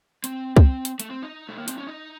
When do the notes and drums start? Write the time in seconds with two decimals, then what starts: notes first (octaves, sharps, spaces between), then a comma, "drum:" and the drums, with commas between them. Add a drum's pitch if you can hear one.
0.24 C4, drum: hi-hat
0.57 C4, drum: kick
0.85 drum: hi-hat
1.00 A3, drum: hi-hat
1.11 C4
1.22 D#4
1.49 A3
1.58 A#3
1.68 C4, drum: hi-hat
1.78 C#4
1.87 D#4